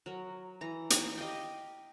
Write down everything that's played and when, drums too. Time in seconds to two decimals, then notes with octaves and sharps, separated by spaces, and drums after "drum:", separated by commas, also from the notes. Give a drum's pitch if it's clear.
0.06 F#3 A#4
0.61 E3 A#5
0.90 drum: hi-hat
1.18 G4 D#5 F5 G5